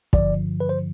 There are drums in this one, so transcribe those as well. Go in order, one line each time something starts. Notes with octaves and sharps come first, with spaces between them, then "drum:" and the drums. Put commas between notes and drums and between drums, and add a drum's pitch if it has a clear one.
G2 D3 F3 D5, drum: kick
B4
C5